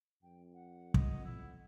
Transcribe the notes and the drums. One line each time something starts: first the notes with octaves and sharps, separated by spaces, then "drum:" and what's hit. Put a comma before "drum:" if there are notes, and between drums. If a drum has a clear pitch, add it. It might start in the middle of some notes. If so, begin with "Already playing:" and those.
F2 G5
F#5
D#5, drum: kick
E4